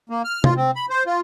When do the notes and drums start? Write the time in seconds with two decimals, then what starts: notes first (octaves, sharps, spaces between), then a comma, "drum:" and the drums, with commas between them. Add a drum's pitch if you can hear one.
0.10 A#3
0.24 F6
0.44 F4, drum: tom C3
0.57 C4
0.76 B5
0.90 C5
1.06 F4